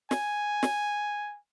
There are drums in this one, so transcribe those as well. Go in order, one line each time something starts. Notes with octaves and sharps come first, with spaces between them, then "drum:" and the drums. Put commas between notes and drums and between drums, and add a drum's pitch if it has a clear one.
G#5, drum: snare
drum: snare